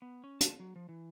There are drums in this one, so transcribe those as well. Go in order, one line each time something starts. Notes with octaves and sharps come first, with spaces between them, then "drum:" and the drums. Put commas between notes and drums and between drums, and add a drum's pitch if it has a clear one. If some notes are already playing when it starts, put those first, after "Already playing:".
B3
C#4
A5, drum: hi-hat
F#3
F3
E3